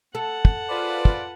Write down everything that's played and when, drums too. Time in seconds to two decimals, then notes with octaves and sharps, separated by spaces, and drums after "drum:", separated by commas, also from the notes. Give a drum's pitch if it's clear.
0.15 A4 F#5 A5
0.45 drum: kick
0.69 F4 G#4 B4 C5 D5
1.05 drum: kick